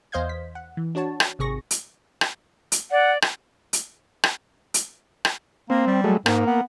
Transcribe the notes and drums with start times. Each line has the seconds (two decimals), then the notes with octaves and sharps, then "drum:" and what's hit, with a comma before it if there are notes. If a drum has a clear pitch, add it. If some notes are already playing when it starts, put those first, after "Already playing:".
0.12 E2 C5 D#5 F5 G6 G#6
0.29 B6
0.55 F#5
0.77 E3
0.95 D4 F#4 C#5 A5
1.20 drum: rim click
1.39 G#1 C3 G#4 C#6 A#6
1.71 drum: hi-hat
2.21 drum: rim click
2.72 drum: hi-hat
2.91 D5 F#5
3.22 drum: rim click
3.73 drum: hi-hat
4.23 drum: rim click
4.74 drum: hi-hat
5.25 drum: rim click
5.70 A#3 C4
5.87 G3
6.04 F#3 G#3 A3
6.26 G#2 A#3, drum: rim click
6.47 B3